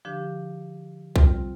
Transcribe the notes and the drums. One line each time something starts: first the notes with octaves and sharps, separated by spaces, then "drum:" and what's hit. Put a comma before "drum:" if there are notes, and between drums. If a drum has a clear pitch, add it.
D3 F3 D4 G4
C3 G3 C4 F4, drum: kick B1